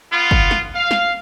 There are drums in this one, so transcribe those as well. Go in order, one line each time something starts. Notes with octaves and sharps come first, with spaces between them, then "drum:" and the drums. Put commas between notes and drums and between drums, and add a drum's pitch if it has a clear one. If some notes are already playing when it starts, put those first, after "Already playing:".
B3 F4
drum: kick
drum: snare
F5
drum: snare